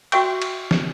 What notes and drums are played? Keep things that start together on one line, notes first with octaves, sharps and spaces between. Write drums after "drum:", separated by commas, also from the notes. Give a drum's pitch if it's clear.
F#4 E5 G5 C#6, drum: cymbal
drum: cymbal
drum: snare